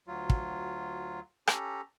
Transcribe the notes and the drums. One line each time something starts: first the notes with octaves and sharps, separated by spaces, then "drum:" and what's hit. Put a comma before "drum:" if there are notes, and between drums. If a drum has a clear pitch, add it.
D2 F#3 F4
drum: kick
C#4 G4 A4 A#5, drum: rim click